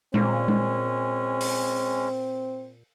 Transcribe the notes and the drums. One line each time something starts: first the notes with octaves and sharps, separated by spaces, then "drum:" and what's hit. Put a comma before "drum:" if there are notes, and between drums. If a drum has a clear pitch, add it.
A#2 G#3 C4 C#4, drum: tom G#3
drum: tom G#3
drum: open hi-hat